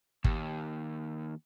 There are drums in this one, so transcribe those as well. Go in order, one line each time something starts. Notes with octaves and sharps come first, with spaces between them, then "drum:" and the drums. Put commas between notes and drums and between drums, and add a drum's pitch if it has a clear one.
D#2, drum: kick